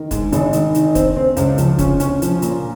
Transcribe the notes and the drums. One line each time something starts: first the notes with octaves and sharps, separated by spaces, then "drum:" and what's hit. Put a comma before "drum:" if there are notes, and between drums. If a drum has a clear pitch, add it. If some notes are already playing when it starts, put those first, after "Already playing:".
Already playing: D#3
G#2, drum: kick, hi-hat
G#1, drum: hi-hat
D#3, drum: hi-hat
D#3, drum: hi-hat
C4, drum: kick, hi-hat
C4
C#2, drum: hi-hat
F3, drum: hi-hat
C#4, drum: kick, hi-hat
C#4, drum: hi-hat
F3, drum: hi-hat
A#2, drum: hi-hat